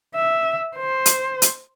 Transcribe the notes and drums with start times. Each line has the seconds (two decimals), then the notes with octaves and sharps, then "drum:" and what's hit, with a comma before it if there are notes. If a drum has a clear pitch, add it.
0.15 E5
0.76 C5
1.06 drum: hi-hat
1.42 drum: hi-hat